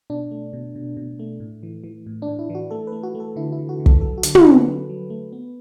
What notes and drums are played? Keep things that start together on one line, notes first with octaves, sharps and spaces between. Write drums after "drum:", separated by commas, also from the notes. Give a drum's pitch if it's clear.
B2 D4
A3
B2
B2
B2
A3
A2
E3
E3
A2
D4
A2
E4
E3
F#4
A3 A4
B4
A3
F#4
A3
A4
D3 E4
E4
D3
F#4
D3
A4, drum: kick
F#3 A4
F#4
D3, drum: hi-hat
A4, drum: tom
D3
B4
F#3
F#3
A3
B3